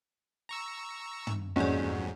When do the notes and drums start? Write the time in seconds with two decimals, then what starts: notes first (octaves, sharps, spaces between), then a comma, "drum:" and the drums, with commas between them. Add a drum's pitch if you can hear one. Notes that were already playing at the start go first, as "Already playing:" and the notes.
0.49 A#5 C#6 E6
1.27 drum: tom
1.56 F2 G#2 F#3 A#3 C#4 F#4 G#4 D5